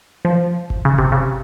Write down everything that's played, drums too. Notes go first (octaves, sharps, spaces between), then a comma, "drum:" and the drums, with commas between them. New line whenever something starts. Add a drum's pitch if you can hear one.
F3
drum: kick G1
C#3
C3, drum: kick G1
C#3